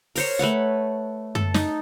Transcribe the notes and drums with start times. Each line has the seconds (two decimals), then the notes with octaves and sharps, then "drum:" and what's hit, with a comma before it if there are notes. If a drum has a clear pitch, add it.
0.15 A#4 C5 C#5, drum: open hi-hat
0.39 A3 B4 C#5 F#5
1.35 A4, drum: tom F#2
1.54 D#4, drum: snare